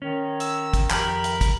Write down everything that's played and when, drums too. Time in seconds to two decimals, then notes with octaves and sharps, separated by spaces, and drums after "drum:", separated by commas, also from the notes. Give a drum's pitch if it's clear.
0.02 D#3 C#4
0.40 E6, drum: hi-hat
0.74 drum: kick, hi-hat
0.90 F2 G4 A#4 B5, drum: clap
1.24 drum: hi-hat
1.41 drum: kick, hi-hat